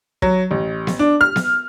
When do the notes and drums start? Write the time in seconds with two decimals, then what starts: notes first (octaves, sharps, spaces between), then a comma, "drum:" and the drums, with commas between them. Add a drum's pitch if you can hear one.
0.22 F#3, drum: kick
0.51 A1
0.87 drum: snare B3
0.99 D4
1.21 F6
1.36 drum: snare B3